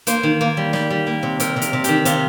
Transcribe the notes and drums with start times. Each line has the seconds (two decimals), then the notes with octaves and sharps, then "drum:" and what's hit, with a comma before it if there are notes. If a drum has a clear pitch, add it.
0.07 A#3 C5, drum: hi-hat
0.23 D#3
0.41 A#3
0.57 G3
0.73 G3, drum: snare
0.90 G3
1.07 A#3
1.23 C3
1.40 C3 A#4, drum: hi-hat
1.56 C3
1.62 A#4, drum: hi-hat
1.73 C3
1.84 D#3 G4, drum: hi-hat
2.05 C3 F4, drum: hi-hat